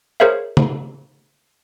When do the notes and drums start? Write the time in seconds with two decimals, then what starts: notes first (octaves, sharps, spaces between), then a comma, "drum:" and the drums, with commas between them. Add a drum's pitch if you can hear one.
0.20 G#4 A#4 C5 C#5 E5 F5
0.57 drum: tom